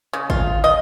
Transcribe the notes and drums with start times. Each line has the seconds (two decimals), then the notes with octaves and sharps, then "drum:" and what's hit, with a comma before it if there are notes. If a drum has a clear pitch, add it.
0.13 C#3
0.30 F4, drum: kick
0.64 D#5